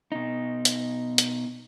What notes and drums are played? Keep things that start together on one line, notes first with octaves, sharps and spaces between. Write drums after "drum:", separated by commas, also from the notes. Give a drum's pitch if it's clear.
B2 D#4
drum: hi-hat
drum: hi-hat